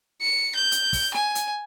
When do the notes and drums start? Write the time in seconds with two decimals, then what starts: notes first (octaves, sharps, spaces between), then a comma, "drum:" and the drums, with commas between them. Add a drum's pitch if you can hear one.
0.22 C#7
0.55 G6
0.72 drum: hi-hat
0.93 drum: kick, open hi-hat
1.14 G#5, drum: snare
1.35 drum: hi-hat